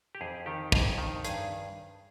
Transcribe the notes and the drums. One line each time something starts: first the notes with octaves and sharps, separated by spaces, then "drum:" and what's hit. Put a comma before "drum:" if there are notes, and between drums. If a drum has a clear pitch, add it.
G4
F2 G#4
D#3 G4
F2 G#4, drum: kick
D#3
G2 G#4, drum: hi-hat